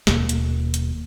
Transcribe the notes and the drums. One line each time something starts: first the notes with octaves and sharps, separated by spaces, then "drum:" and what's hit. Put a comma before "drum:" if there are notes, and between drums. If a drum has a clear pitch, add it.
D#1 D#2 B2 A#3, drum: snare
drum: hi-hat
drum: hi-hat